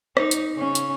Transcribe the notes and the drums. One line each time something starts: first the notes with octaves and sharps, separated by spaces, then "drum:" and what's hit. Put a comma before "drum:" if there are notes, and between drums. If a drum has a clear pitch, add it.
D#4, drum: rim click
drum: hi-hat
C#3 C#4
drum: hi-hat